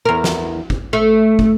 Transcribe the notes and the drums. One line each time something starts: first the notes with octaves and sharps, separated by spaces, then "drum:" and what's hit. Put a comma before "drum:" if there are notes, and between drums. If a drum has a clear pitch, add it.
E2 A#4
drum: snare
drum: kick
A3
drum: kick